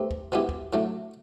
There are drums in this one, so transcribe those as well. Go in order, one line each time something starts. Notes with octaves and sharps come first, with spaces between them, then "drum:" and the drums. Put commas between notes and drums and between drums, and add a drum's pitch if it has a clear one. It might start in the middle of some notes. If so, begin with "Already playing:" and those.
Already playing: A3 C4 D#4 G4 B4
drum: kick
B2 G#3 B3 E4 G4
drum: kick
A2 F#3 A3 D4